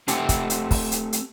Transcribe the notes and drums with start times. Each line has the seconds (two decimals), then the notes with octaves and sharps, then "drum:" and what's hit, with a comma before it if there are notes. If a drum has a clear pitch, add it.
0.08 A3 C4 G4 F#5 G5, drum: hi-hat
0.29 drum: kick, hi-hat
0.50 drum: hi-hat
0.71 drum: kick, open hi-hat
0.92 drum: hi-hat
1.13 drum: hi-hat